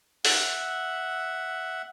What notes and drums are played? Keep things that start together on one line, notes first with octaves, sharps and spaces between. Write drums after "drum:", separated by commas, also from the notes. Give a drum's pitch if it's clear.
E5 F#5, drum: open hi-hat